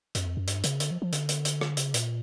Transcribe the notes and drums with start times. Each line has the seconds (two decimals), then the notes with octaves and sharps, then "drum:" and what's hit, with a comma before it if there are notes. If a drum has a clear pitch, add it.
0.15 F#2, drum: hi-hat
0.26 F2
0.37 F#2
0.48 G2, drum: hi-hat
0.64 C#3, drum: hi-hat
0.80 D3, drum: hi-hat
0.91 F3
1.02 F3
1.13 D3, drum: hi-hat
1.29 drum: hi-hat
1.45 drum: hi-hat
1.61 drum: rim click
1.77 C#3, drum: hi-hat
1.94 A#2, drum: hi-hat